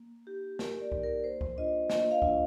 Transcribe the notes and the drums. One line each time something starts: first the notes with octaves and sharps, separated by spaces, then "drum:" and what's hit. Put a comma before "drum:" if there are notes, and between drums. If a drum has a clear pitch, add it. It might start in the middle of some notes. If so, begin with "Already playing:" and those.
Already playing: A#3
D#4 G4
A#3 A#4, drum: snare
D5
D#4, drum: kick C2
A#4
A#3 C5
drum: kick C2
D4 F4 D#5
A#3 D#5, drum: snare
F5
D4 F4, drum: kick C2